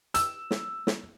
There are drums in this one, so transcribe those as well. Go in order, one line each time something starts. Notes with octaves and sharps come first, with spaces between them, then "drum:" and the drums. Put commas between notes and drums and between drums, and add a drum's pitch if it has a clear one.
E6, drum: hi-hat
drum: snare
drum: snare